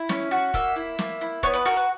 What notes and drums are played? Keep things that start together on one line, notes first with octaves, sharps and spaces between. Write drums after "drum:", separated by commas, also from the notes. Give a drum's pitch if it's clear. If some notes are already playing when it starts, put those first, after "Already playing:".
Already playing: E4
C#4, drum: snare
F#4
A#3 E5, drum: kick
E4
A#3, drum: snare
E4
B3 C#5, drum: kick
B4
F#4 A#4
B4